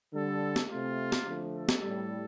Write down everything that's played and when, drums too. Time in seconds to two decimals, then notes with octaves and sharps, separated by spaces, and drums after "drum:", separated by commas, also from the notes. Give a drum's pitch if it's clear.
0.13 D3 G3 A4
0.56 drum: snare
0.70 C3 A3 F4
1.12 drum: snare
1.26 D3 F3 A3
1.55 A4
1.69 drum: snare
1.82 A2 G3